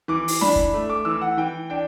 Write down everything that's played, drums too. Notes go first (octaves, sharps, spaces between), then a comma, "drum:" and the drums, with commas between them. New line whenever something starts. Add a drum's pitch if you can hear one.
E3 D6
drum: open hi-hat
D4 B5, drum: snare
drum: kick
A3
D6
E3 E6
F#5
E3 G5
D4 G5